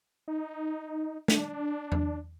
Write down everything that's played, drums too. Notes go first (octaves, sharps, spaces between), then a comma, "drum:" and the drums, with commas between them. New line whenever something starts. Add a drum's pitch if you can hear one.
D#4
D4, drum: snare
drum: tom E2